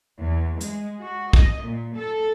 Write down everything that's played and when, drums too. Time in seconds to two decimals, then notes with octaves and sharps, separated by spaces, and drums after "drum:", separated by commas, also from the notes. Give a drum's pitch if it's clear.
0.20 E2
0.61 G#3, drum: hi-hat
1.01 F#4
1.33 D#5, drum: kick
1.64 A#2
1.97 A4